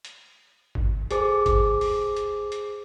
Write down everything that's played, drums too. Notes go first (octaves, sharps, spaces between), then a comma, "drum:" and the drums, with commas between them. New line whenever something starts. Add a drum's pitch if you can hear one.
drum: hi-hat
drum: kick
G#4 A4 C5 D6, drum: hi-hat
drum: kick, hi-hat
drum: open hi-hat
drum: hi-hat
drum: hi-hat